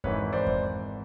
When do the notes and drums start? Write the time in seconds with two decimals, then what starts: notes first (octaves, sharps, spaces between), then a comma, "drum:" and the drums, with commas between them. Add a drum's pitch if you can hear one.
0.04 G#1 G#2 E3 B4 C#5, drum: kick F2
0.33 C5 D5
0.47 drum: kick F2